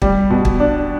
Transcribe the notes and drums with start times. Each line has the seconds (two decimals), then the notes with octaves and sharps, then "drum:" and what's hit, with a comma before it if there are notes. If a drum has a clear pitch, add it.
0.02 G3, drum: kick
0.30 B2
0.45 drum: kick
0.60 D4